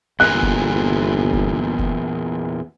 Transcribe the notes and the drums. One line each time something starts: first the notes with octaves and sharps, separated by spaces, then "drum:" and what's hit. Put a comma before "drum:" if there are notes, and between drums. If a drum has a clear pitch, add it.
G1 E2 A#2 F#6
drum: kick F1
drum: kick F1
drum: kick F1